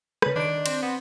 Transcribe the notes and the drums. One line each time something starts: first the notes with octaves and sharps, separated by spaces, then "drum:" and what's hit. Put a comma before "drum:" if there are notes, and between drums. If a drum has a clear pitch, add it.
C#3 B4, drum: rim click
D#3 D4 D7
C4, drum: cymbal
B3